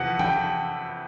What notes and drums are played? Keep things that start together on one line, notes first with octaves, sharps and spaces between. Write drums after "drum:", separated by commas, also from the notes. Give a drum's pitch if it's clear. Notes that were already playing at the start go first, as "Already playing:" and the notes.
Already playing: F2 C3 E3 F#5
G5, drum: tom